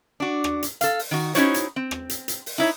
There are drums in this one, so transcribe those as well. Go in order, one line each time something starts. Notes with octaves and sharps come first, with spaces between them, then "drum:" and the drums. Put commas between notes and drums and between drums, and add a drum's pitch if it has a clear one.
D4 F#4
drum: rim click
drum: hi-hat
A4 F5, drum: hi-hat
drum: open hi-hat
D#3 F#4
C#4 D#4 E4 F#4 C5 C#5, drum: hi-hat
drum: hi-hat
C4
drum: rim click
drum: hi-hat
drum: hi-hat
drum: open hi-hat
D#4 E4 C#5